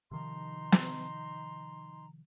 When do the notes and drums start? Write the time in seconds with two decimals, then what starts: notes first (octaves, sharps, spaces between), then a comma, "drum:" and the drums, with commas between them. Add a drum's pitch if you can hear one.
0.11 C3 D#3 F3 D#4 A#5 C6
0.72 drum: snare